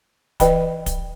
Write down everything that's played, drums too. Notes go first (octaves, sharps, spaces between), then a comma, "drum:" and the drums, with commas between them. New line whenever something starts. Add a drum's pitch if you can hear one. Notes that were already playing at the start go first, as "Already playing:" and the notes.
E3 B4 D#5 G5 B5, drum: kick, hi-hat
drum: kick, hi-hat